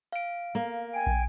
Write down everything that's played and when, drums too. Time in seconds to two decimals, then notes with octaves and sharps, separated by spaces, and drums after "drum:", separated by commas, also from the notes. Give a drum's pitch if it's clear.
0.12 F5 D7
0.55 A#3
0.94 G5 G#5
1.07 drum: kick